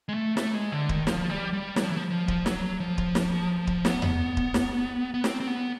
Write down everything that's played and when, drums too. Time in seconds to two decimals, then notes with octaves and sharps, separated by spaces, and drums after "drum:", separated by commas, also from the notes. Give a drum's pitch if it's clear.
0.09 G#3
0.14 A3
0.37 A3, drum: snare
0.54 G#3
0.72 D3
0.89 D#3, drum: kick D1
1.07 F3, drum: snare
1.30 G3
1.53 G3
1.76 F#3, drum: snare
1.83 F3
1.90 E3
1.97 F3
2.10 F3
2.28 drum: kick D1
2.46 F#3, drum: snare
2.80 F3
2.98 drum: kick D1
3.15 drum: snare
3.67 drum: kick D1
3.85 B3, drum: snare
4.02 drum: tom E2
4.37 drum: kick D1
4.54 drum: snare
5.14 B3
5.24 C4, drum: snare
5.40 C4
5.47 B3